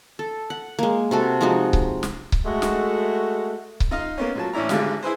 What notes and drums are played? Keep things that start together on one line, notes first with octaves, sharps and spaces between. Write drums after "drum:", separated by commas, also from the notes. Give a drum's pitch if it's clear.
A4
F#5
G#3 A#3
C3 F#4 A4
F3 G#3 D#4 F#4
drum: kick C#1
drum: snare
drum: kick C#1
G#3 A3 F#4
drum: snare
drum: kick C#1
D#4 F4 D#5 F5
A#3 B3 C#4
A#2 F#3 A5
A1 C#4 D4 E4 A#5
G#1 D3 G#3 F4 G4, drum: snare
E4 G#4 B4 C5